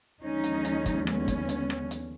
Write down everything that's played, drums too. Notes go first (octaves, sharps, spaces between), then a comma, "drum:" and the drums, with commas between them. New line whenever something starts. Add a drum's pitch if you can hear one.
D#2 D3 F3 G#3 C#4 D#4
drum: hi-hat
drum: hi-hat
drum: kick, hi-hat
B3 C#4, drum: rim click
drum: kick, hi-hat
drum: hi-hat
drum: rim click
drum: hi-hat